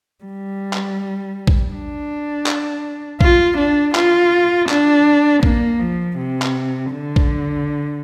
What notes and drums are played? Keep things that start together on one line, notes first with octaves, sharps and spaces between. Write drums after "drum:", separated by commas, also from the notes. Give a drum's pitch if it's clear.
G3
drum: clap
drum: kick A#1
D4
drum: clap
F4, drum: kick A#1
D4
F4, drum: clap
D4, drum: clap
A#3, drum: kick A#1
F3
C3
drum: clap
D3
drum: kick A#1